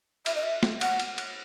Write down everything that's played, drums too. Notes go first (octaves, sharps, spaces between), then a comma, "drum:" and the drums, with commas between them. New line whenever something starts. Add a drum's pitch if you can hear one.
E5, drum: cymbal
D#5
E5
drum: snare A3
F#5, drum: cymbal
drum: cymbal
drum: cymbal